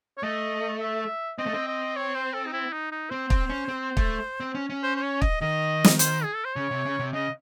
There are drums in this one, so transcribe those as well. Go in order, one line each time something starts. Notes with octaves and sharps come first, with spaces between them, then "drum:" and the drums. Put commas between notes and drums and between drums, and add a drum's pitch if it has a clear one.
C#5
A3 D#5
E5
C4 D#5
A3
C4
D#5
C#5
C5
A4
D#4
E4
D#4
D#4
C4 C5
C4, drum: kick
C#4
C4
A3, drum: kick
C4
C#4
C#4
C5
C5
C#5
D#5, drum: kick
D#3 D#5
drum: snare
C5, drum: hi-hat
G#4
A4
C5
C#3 C#5
C3
C#3
C3
C#3 D#5